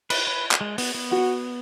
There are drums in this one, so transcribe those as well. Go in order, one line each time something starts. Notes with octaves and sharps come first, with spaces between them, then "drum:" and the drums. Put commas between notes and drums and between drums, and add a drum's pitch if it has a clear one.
B4, drum: cymbal
B4
drum: clap
G#3
B3, drum: open hi-hat
B3
F#4